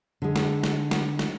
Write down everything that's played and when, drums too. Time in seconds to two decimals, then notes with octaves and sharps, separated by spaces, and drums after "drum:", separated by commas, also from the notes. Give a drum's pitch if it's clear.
0.22 D3 G#3
0.36 drum: snare
0.64 drum: snare
0.91 drum: snare
1.19 drum: snare